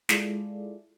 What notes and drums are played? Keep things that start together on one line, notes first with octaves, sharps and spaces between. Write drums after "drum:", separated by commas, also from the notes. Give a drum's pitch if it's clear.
G#3 E4 F4 G#4 A4 D5, drum: snare